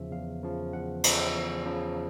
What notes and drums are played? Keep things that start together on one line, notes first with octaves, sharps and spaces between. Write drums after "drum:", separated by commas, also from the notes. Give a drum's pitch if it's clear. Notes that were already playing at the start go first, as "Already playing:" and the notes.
Already playing: E2 C#3 F3 E5
E2 F5
C#3 F3
E2 F#5
C#3 F3, drum: cymbal
E2
C#3 F3